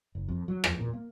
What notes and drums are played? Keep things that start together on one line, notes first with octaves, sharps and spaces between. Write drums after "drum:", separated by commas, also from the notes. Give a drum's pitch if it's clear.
F#1
F2
F#3
F2, drum: rim click
A#2
A#3